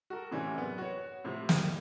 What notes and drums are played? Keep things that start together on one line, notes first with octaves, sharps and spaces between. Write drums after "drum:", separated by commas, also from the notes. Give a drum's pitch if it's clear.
F#4 A4 A#4
A2 C3 E3 C#4 D4
F#1 B3
F#4 C#5
A2 C3 F3
F1, drum: snare